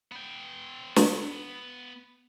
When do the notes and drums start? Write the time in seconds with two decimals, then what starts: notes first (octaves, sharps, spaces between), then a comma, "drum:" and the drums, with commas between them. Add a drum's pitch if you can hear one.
0.12 B3 G5
0.96 drum: snare